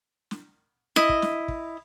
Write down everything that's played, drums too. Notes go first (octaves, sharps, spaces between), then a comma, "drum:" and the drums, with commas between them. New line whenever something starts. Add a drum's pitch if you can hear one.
drum: snare
E4 D#5, drum: snare
drum: kick
drum: snare
drum: kick